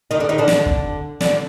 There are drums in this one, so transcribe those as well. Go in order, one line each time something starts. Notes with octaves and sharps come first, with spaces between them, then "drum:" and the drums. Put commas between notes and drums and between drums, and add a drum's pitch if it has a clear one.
D#3 D#4
D3 D4
D#3 D#4
D3 D4
drum: snare
drum: kick
D3 D4, drum: snare